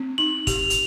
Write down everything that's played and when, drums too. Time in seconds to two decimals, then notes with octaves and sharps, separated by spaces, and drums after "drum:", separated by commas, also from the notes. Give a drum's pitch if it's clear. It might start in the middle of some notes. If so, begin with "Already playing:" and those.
Already playing: C4
0.18 D#4 F#7
0.47 G4 F7, drum: kick, hi-hat
0.70 drum: hi-hat